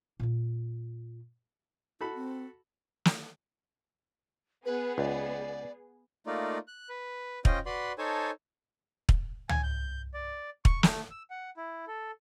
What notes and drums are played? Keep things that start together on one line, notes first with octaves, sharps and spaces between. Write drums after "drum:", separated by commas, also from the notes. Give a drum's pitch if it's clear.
A#2 F4
E4 F#4 A4 B5
C4
drum: snare
B3 G#4 B4
C#2 D5
A3 A#3 D#4 F4 D5
F#6
B4
C#4 F4 C5 D#5 G5, drum: kick
F#4 B4 D5 B5 C6
D#4 A4 C5 C#5 G#5 A5
drum: kick
G#5, drum: tom C#2
G6
D5
C#6, drum: kick
A3, drum: snare
E6
F#5
E4
A4